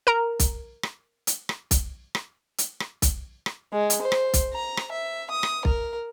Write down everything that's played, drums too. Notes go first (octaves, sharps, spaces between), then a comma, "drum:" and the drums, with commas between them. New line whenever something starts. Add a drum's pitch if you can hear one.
A#4 A#5
drum: kick B1, hi-hat
drum: rim click
drum: hi-hat
drum: rim click
drum: kick B1, hi-hat
drum: rim click
drum: hi-hat
drum: rim click
drum: kick B1, hi-hat
drum: rim click
G#3
drum: hi-hat
C5
drum: rim click
drum: kick B1, hi-hat
A#5
drum: rim click
E5
D#6
drum: rim click
A#4, drum: kick B1